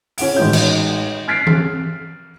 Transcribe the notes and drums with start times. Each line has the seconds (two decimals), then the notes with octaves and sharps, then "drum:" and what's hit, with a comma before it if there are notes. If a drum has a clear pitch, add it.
0.18 C#4 G#4 F#5 D7, drum: open hi-hat
0.36 A1 D#3 G#3 F#4 G#4 G6
0.53 drum: cymbal
1.28 F6 F#6 A6 B6 C7 D7
1.47 drum: tom E3